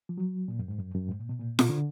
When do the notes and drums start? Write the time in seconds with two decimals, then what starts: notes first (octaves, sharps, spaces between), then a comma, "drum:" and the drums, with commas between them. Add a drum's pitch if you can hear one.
0.09 F3
0.18 F#3
0.48 A#2
0.59 F#2
0.68 G#2
0.78 F#2
0.94 F#2
1.09 G#2
1.20 A#2
1.29 B2
1.39 A#2
1.59 B2, drum: snare F4
1.69 D3